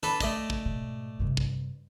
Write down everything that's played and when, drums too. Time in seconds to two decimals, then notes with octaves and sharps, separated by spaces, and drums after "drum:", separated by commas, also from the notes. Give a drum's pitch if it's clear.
0.03 D4 A4 B4, drum: tom
0.20 A3 D5 D#5, drum: kick
0.50 drum: kick
0.66 G#2 B2
1.20 G2 C3
1.37 drum: kick